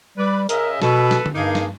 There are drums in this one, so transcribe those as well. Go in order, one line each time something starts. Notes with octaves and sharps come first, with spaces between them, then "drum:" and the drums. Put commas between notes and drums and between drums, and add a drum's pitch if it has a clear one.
G3 B4 D5
C#3 A#4 D#5 E5, drum: hi-hat
B2 A4 B4, drum: snare
drum: snare
drum: tom D3
G2 A#3 D#4 G#4
drum: snare